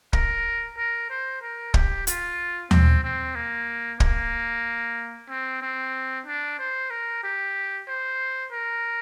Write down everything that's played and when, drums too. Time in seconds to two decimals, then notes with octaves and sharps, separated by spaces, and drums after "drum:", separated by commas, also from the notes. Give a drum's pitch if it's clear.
0.13 A#4, drum: kick
0.77 A#4
1.10 C5
1.42 A#4
1.74 G4, drum: kick
2.07 F4, drum: hi-hat
2.71 C4, drum: tom D#2
3.04 C4
3.35 A#3
4.00 A#3, drum: kick
5.29 C4
5.62 C4
6.26 D4
6.59 C5
6.91 A#4
7.23 G4
7.88 C5
8.52 A#4